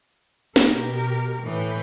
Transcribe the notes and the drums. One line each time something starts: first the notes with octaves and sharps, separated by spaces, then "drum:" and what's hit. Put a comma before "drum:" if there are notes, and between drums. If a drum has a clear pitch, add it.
B2 G4 A#4, drum: snare
A2 E3 B4 G6 B6